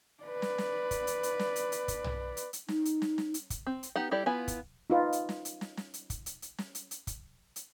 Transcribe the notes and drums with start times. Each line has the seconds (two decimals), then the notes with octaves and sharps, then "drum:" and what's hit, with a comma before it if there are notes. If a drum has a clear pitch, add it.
0.24 B4 D5
0.42 drum: snare
0.58 drum: snare
0.91 drum: kick, hi-hat
1.07 drum: hi-hat
1.23 drum: hi-hat
1.39 drum: snare
1.56 drum: hi-hat
1.72 drum: hi-hat
1.88 drum: kick, hi-hat
2.04 drum: tom B1
2.37 drum: hi-hat
2.53 drum: hi-hat
2.68 D#4, drum: snare
2.85 drum: hi-hat
3.02 drum: snare
3.18 drum: snare
3.34 drum: hi-hat
3.50 drum: kick, hi-hat
3.67 C4
3.83 drum: hi-hat
3.96 B3 D#4 G4 F#5
4.11 G3 E4 G4 A4 D5
4.26 B3 E4 F4 G#5
4.48 drum: kick, hi-hat
4.90 D#4 F4 B4
5.12 drum: hi-hat
5.29 drum: snare
5.45 drum: hi-hat
5.61 drum: snare
5.77 drum: snare
5.94 drum: hi-hat
6.10 drum: kick, hi-hat
6.26 drum: hi-hat
6.42 drum: hi-hat
6.58 drum: snare
6.75 drum: hi-hat
6.91 drum: hi-hat
7.07 drum: kick, hi-hat
7.56 drum: hi-hat